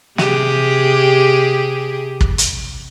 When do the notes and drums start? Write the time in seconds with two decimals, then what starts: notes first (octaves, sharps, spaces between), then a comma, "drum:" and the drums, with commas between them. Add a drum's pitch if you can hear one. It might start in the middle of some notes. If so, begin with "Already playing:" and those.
0.18 C3 G4 G#4, drum: snare
2.21 drum: kick
2.38 drum: hi-hat